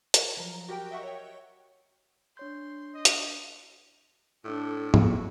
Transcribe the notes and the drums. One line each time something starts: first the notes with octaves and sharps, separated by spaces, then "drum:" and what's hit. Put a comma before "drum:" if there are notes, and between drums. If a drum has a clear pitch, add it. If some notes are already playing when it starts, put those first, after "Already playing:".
A#4, drum: hi-hat
F3 F#3 A#5
F#4 G4 A#4 G5
D#5 E5 F#5 C#6
C#5 G5
D4 C#5 C6 G6
D#5
drum: hi-hat
A2 D4 A4
F#4, drum: tom